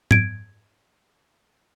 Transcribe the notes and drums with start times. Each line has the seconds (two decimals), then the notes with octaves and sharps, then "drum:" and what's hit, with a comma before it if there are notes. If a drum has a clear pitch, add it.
0.11 G#6 D7, drum: tom G#2